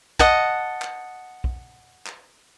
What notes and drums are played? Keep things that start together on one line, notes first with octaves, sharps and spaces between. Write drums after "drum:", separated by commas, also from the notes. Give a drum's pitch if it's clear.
D#5 F#5 A5, drum: kick
drum: clap
drum: kick
drum: clap